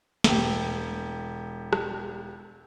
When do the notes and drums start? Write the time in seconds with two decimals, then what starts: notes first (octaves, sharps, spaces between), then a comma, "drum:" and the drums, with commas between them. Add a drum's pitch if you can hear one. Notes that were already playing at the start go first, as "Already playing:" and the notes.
0.24 E1 G4, drum: snare
1.73 drum: rim click